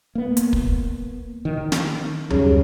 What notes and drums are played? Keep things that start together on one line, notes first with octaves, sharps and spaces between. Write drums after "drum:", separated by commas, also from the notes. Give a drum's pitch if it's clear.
A#3 B3
drum: hi-hat
drum: kick
D#3
drum: snare
F#2 C#3 G3, drum: tom D2